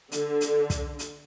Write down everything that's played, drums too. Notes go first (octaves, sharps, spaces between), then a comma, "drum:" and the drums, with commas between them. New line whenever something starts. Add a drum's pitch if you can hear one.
D3, drum: hi-hat
drum: hi-hat
drum: kick, hi-hat
drum: hi-hat